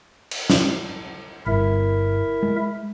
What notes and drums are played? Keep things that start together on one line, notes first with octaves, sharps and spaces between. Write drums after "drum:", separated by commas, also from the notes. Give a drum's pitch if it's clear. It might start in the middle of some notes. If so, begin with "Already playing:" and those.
drum: cymbal
drum: snare
G1 E4 A#4 E5
G#3